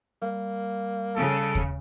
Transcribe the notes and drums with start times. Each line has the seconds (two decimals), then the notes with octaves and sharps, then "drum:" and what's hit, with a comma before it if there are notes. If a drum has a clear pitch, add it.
0.22 G3 A#3
1.16 C#3 A4
1.55 drum: kick D#2